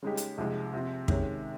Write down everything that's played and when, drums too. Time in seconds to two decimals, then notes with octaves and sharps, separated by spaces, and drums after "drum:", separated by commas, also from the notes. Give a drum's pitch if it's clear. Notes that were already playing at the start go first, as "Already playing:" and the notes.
0.03 C#3 G#3 D#4 G4
0.17 drum: hi-hat
0.38 C2 C3 F3 G#3 D#4
0.73 C3 F3 C4
1.08 C3 D#3 G#3 C#4, drum: kick